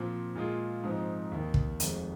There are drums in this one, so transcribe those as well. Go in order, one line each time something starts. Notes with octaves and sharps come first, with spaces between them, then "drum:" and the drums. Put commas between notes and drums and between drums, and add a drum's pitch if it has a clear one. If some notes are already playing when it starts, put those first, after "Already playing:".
Already playing: A#2 F3 C4
A#2 G#3 F4 G#4
G#2 F3 C4 D#4
D#2 D#3 A#3
drum: kick
F1 F2 D#3 G#3, drum: hi-hat